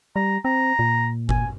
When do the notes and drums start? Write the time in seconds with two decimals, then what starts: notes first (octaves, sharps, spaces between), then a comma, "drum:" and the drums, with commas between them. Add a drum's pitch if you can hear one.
0.16 G3 A#5
0.45 C4 A#5
0.79 A#2
1.29 G#5, drum: kick G1